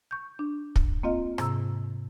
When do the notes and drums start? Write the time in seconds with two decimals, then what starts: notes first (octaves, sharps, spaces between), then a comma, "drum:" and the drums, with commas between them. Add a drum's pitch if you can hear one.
0.11 C#6 G6
0.39 D4
0.76 drum: kick
1.03 A#3 C4 F4 D#5 F5
1.38 G#2 C3 A#5 E6, drum: rim click